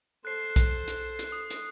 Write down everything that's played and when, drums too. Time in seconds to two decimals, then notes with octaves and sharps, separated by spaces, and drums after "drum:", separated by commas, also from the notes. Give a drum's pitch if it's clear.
0.25 A4 C5 F#6 C7
0.56 drum: kick B1, hi-hat
0.88 drum: hi-hat
1.19 drum: hi-hat
1.32 D#6
1.50 drum: hi-hat